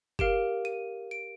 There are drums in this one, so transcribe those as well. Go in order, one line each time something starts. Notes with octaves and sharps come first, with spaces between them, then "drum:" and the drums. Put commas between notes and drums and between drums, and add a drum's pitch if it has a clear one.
G4 A#4 F5 D7, drum: kick F#1
D#7
D7